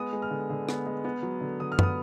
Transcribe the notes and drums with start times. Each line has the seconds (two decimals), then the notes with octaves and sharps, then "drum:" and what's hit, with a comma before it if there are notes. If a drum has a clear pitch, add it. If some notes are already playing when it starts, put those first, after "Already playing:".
Already playing: G#3 B3 D#6
0.13 G#3
0.22 F6
0.31 D3
0.50 D3
0.69 B3, drum: rim click
0.86 G#3
1.05 B3
1.23 F#3
1.41 D3
1.60 D3 D#6
1.72 F6
1.79 B3 D#6, drum: tom F#2